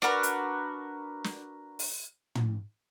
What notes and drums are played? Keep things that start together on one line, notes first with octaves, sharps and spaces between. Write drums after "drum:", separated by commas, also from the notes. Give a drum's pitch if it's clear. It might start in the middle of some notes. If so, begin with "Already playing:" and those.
D4 F#4 A#4 B4, drum: rim click
drum: hi-hat
drum: snare
drum: open hi-hat
drum: tom